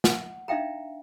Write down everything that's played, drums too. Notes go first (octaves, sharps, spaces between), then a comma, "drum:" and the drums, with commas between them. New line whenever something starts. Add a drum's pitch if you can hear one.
F#5, drum: snare
D4 D#4 E5 F5 G5 A#5